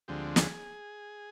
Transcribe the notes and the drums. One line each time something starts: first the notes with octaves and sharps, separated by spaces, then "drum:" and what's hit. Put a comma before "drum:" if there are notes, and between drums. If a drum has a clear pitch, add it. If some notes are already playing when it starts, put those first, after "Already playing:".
D2 D3 F3 G#3 C4 G4
G#4, drum: snare